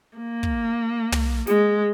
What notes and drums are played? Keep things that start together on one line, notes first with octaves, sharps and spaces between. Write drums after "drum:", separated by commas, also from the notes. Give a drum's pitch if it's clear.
A#3
drum: kick
drum: tom
G#3, drum: snare